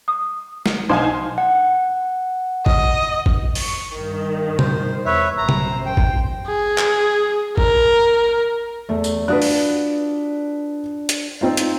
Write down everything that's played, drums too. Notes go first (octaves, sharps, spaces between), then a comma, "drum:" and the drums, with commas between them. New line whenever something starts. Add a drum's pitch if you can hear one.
D#6
drum: snare
B1 D#4 C5 F5 G#5 C6
F#5
D#5, drum: kick G#1
drum: kick G#1
C#6, drum: open hi-hat
G2 D#3
C5, drum: tom B2
E2 B4 C#5 E5
A1 F#2 C5 A#5
drum: tom B2
G5
drum: kick G#1
G#4
drum: clap
A#4, drum: kick G#1
E2 A3
drum: tambourine
D4 F4 F#4 B4 D#6 F#6
drum: open hi-hat
drum: hi-hat
C4 D#4 F4
drum: hi-hat